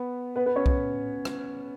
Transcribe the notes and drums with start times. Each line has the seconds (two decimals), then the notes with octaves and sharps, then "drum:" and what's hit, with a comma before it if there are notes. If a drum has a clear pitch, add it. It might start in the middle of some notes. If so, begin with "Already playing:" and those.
Already playing: B3 B4
0.36 B3 B4
0.46 B3 B4
0.56 C#4 C#5
0.66 drum: kick
1.25 drum: rim click